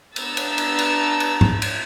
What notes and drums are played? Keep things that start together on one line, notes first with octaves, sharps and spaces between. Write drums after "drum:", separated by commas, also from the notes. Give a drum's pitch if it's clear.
B3 D4 A#5 E6 A6, drum: cymbal
drum: cymbal
drum: cymbal
drum: cymbal
drum: cymbal
drum: tom G#2
drum: cymbal